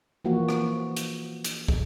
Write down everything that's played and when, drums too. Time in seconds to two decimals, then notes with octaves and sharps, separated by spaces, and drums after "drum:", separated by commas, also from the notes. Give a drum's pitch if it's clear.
0.25 E3 F3 A#3 F#4
0.49 drum: rim click
0.96 drum: hi-hat
1.44 drum: hi-hat
1.68 drum: kick